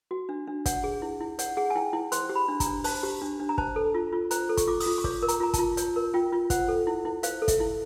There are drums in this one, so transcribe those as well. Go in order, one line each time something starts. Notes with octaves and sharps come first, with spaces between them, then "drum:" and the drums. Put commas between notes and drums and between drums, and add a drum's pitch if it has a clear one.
F#4
D4
D4
C#5 F#5, drum: kick, hi-hat
G#4
E4
E4
C#5 F#5, drum: hi-hat
G#4 F#5
G#5
E4 G5
E4
C5 C6, drum: hi-hat
G4
B5
D4
A#5, drum: kick, hi-hat
D4
C5 A5, drum: open hi-hat
G4
D4
D4
A#5
C5 A5, drum: kick
A4
F4
F4
C5 A#5, drum: hi-hat
A4
C#6, drum: kick, hi-hat
F4 D6
D#6, drum: open hi-hat
F4
C#6
C#5 D6, drum: kick
A#4
A#5, drum: hi-hat
F4 A#5
A5, drum: kick, hi-hat
F4
C#5, drum: hi-hat
A#4
F4 G5
F4
C5 F#5, drum: kick, hi-hat
A4
E4
E4
C5 F5, drum: hi-hat
A4
E5, drum: kick, hi-hat
E4